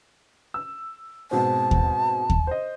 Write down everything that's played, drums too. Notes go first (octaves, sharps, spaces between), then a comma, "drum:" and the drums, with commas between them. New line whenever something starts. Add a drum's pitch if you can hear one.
E6
G#2 B2 C4 A5
drum: kick D#2
drum: kick D#2
C5 D#5